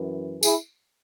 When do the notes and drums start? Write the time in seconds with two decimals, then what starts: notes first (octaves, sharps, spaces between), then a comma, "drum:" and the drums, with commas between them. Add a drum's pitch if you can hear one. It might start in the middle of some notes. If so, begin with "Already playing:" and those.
Already playing: F#2 E3
0.43 E4 G#4, drum: tambourine